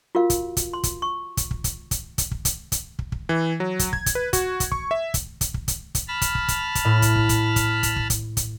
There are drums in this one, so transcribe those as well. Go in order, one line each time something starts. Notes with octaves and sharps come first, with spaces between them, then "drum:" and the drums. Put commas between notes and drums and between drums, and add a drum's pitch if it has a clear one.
F4 F#4 A#4 F5
drum: kick, hi-hat
drum: kick, hi-hat
C6
drum: kick, hi-hat
C#6
drum: kick, hi-hat
drum: kick
drum: kick, hi-hat
drum: kick, hi-hat
drum: kick, hi-hat
drum: kick
drum: kick, hi-hat
drum: kick, hi-hat
drum: kick
drum: kick
E3
F#3
drum: kick, hi-hat
G#6, drum: kick
drum: kick, hi-hat
B4
F#4, drum: kick, hi-hat
drum: kick, hi-hat
C#6, drum: kick
E5
drum: kick, hi-hat
drum: kick, hi-hat
drum: kick
drum: kick, hi-hat
drum: kick, hi-hat
A5 B5 F6
drum: kick, hi-hat
drum: kick
drum: kick, hi-hat
drum: kick, hi-hat
A2
drum: kick, hi-hat
drum: kick
drum: kick, hi-hat
drum: kick, hi-hat
drum: kick, hi-hat
drum: kick
drum: kick, hi-hat
drum: kick, hi-hat